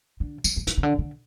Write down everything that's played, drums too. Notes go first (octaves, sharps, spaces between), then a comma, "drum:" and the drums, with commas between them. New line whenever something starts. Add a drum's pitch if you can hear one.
D3
F3, drum: tambourine
F3
F#3, drum: hi-hat
C#3
D3
D3